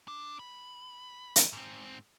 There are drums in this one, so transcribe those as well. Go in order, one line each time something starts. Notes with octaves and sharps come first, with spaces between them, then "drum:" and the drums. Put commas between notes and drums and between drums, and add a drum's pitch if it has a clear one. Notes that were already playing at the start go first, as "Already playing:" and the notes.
D4
B5
drum: hi-hat
G#2 C4